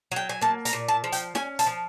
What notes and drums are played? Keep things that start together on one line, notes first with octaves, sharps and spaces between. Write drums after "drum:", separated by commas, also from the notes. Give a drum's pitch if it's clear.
F#3 G5
G#5
A#3 A5
A#5, drum: hi-hat
A#2
A5
F3
G5, drum: hi-hat
C#4 G#5, drum: snare
A5, drum: hi-hat
F3